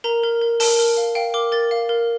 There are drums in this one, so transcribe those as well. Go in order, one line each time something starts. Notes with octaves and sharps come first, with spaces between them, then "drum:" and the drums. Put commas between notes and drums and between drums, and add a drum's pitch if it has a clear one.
A#4 A#5
A#4
A#4
A#4 A5, drum: open hi-hat
A#4
F5
F5 G5
A#4 D6
A#4 A6
F5
A#4